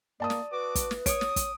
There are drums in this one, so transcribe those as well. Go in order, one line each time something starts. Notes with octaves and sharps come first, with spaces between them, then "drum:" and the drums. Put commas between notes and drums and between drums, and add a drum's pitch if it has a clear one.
A#3 D5 A5 D#6
drum: snare
F#4 B4 D6
drum: kick, hi-hat
drum: snare
C#5 D#6 D7, drum: kick, hi-hat
drum: snare
drum: kick, hi-hat